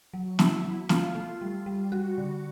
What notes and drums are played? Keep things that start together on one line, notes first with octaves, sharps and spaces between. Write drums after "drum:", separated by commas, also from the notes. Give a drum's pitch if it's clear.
F#3
F#3 E4, drum: snare
F#3
A3 F4, drum: snare
A3
G3
G3
G3 F#4
D3